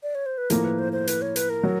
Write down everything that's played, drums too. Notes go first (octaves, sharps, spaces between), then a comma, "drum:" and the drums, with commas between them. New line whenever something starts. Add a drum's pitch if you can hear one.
D5
C#5
C5
B4
A2 F3 A#3 A#4, drum: hi-hat
B4
C5
C5
B4, drum: hi-hat
C#5
B4, drum: hi-hat
A#4
F#3